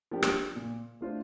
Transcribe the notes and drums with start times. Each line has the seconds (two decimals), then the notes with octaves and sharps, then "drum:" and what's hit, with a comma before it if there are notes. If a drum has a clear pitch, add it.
0.11 F3 A#3 D4 G4
0.22 drum: rim click
0.56 A#2
1.01 A3 D4 F4 C5